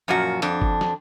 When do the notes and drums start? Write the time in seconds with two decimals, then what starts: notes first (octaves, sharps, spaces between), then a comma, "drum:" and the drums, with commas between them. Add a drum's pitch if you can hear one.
0.08 F#2 A#2 F3 F#4
0.42 F2 D4, drum: hi-hat
0.62 drum: kick F#1
0.81 drum: snare